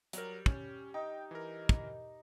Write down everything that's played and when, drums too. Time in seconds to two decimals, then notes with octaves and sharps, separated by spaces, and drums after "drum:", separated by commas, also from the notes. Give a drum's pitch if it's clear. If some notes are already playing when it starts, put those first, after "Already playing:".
0.13 F#3 G3 A#4, drum: hi-hat
0.46 C#4, drum: kick
0.94 D#4 G5
1.31 E3 A#4
1.69 drum: kick